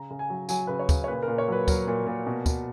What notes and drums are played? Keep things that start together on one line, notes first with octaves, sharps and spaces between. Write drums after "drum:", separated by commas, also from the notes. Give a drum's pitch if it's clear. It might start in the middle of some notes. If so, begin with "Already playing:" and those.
Already playing: C#3 A#5
C#3
G#5
F#3
F#3 G#5, drum: tambourine
C#3 B4
C#5
C#3, drum: kick, tambourine
C#5
A#2 B4
A#4
A#2
C#5
F#3 B4
F#3 A#4, drum: kick, tambourine
A#2
A#2
B2
B2, drum: kick, tambourine